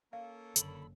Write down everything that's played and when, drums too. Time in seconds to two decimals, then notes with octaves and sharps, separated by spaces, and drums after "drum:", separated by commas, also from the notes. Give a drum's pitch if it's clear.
0.13 A#3 C#4 A4 F5
0.56 F#1 D3 B5, drum: hi-hat